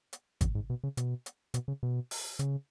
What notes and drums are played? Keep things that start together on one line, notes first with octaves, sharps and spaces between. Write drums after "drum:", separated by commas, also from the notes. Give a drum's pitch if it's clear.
drum: hi-hat
F#2, drum: kick G#1, hi-hat
G#2
B2
C#3
B2, drum: hi-hat
drum: hi-hat
B2, drum: hi-hat
C#3
B2
drum: open hi-hat
C#3, drum: hi-hat